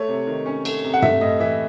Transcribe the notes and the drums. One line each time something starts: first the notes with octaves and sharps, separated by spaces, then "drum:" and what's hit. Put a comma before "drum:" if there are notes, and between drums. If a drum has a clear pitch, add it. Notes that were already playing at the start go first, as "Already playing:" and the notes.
Already playing: A3 C#5
C3
D#3
C#4
A3, drum: cymbal
C3
F#5
A3 E5, drum: tom G2
A2 D#5
E3 E5